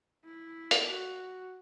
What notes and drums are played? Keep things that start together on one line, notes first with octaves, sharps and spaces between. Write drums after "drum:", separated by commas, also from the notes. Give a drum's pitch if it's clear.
E4
drum: hi-hat
F#4